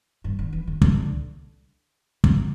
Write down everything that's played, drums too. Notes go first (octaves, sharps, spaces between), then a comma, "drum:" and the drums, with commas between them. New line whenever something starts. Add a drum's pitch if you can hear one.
G2
D3
E3
D3
D3, drum: kick
C#3, drum: kick